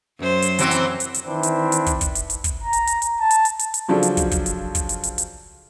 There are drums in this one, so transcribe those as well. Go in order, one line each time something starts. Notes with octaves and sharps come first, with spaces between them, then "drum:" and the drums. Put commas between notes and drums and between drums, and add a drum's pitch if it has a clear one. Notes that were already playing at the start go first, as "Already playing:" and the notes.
F#2 C5
drum: hi-hat
E3 F#3 C4, drum: hi-hat
drum: hi-hat
drum: hi-hat
drum: hi-hat
D#3 E3 C4 D4 E4
drum: hi-hat
drum: hi-hat
drum: kick, hi-hat
drum: kick, hi-hat
drum: hi-hat
drum: hi-hat
drum: kick, hi-hat
A#5
drum: hi-hat
drum: hi-hat
drum: hi-hat
A5
drum: hi-hat
drum: hi-hat
drum: hi-hat
drum: hi-hat
C#3 F3 F#3 D4 A4
drum: hi-hat
drum: kick, hi-hat
drum: kick, hi-hat
drum: hi-hat
drum: kick, hi-hat
drum: hi-hat
drum: hi-hat
drum: hi-hat